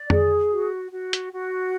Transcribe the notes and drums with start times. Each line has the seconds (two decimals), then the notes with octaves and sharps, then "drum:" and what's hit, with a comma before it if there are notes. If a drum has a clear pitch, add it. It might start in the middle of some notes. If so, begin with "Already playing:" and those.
Already playing: D5
0.10 G#4, drum: tom F2
0.50 F#4
0.91 F#4
1.13 drum: hi-hat
1.31 F#4